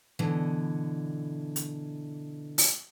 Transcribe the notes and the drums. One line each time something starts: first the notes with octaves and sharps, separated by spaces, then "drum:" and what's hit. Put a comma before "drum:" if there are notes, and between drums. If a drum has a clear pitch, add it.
B2 D3 E3
drum: hi-hat
drum: open hi-hat